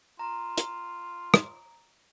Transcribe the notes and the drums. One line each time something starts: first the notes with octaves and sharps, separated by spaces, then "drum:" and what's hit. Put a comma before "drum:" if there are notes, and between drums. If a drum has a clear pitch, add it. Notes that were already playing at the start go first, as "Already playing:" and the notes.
F4 A#5
drum: hi-hat
drum: rim click